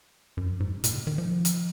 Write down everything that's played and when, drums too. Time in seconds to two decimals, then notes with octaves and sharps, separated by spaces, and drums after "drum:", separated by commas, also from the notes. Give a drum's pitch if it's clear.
0.37 F#2
0.60 G#2
0.84 A#2, drum: hi-hat
0.95 C#3
1.07 D#3
1.18 F3
1.45 drum: hi-hat